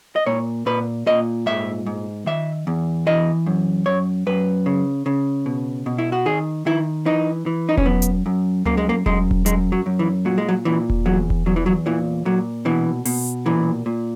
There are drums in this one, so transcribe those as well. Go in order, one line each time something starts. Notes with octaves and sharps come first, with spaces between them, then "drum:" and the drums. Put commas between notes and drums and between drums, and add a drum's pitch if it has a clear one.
D#5
A#2 C#5
A#2 B4
A#2 D#5
G#2 E5
G#2
D#3 E5
E2
E3 D#5
F#2
F#2 C#5
F#2 B4
C#3
C#3
B2
B2
E4
F#4
D#3 G#4
D#3 E4
E3 D#4
E3
D#4
C#4, drum: kick E1
F#2 B3
drum: hi-hat
F#2
F#2 A#3, drum: tom C#2
G#3
A#3
F#2 G#3, drum: kick E1
drum: kick E1
F#2 G#3, drum: hi-hat
F#3
F#2
E3
A#2 F#3
G#3
F#3
A#2 E3
drum: kick E1
E2 F#3
drum: kick E1
E2 F#3
E3
F#3
A#2 E3
A#2 F#3
B2 E3
B2, drum: open hi-hat
A#2 E3
A#2